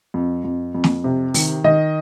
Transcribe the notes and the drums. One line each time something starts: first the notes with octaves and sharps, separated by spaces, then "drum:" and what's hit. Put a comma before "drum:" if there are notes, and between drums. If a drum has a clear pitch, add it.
F2
F2
F2
drum: snare
C3
D#3, drum: open hi-hat
D#3 D#5